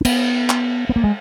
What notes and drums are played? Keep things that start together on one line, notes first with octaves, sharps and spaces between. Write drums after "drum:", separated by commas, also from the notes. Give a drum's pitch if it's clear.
C#4
B3, drum: cymbal
drum: clap
B3
A#3
G#3